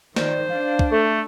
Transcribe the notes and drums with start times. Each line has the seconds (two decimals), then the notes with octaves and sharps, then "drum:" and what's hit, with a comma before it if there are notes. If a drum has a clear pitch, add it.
0.16 D#3 C5 D5, drum: snare
0.49 D4 F5
0.79 drum: kick
0.91 A3 A4